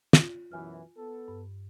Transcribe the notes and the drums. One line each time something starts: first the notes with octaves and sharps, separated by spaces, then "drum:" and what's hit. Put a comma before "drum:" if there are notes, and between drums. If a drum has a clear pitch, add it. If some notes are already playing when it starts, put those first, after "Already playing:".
F4, drum: snare
F#2 B2 E3 G#5 F6
B3 A4
G2